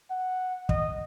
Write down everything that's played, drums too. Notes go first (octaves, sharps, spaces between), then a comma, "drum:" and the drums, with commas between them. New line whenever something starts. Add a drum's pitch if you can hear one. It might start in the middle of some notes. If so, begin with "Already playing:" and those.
F#5
D#5, drum: kick